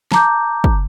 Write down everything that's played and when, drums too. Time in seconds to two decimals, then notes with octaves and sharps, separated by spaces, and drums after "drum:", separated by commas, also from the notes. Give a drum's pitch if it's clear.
0.12 A5 A#5 D6 G6, drum: snare
0.64 drum: kick